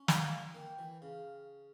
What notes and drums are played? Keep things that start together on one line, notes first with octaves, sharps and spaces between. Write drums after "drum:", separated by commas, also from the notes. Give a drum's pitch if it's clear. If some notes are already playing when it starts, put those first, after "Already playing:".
Already playing: C#4
F5, drum: snare
A#3 G5
E3
C#3 F5